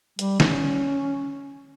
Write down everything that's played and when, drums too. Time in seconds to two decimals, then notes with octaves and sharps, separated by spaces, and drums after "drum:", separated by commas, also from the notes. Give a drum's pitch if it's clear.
0.19 G3, drum: hi-hat
0.40 C#4, drum: snare